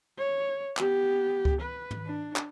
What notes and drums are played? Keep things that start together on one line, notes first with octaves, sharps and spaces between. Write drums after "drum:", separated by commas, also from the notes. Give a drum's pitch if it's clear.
C#5
B3 G4, drum: clap
drum: kick C#2
B4
drum: tom
D4
drum: clap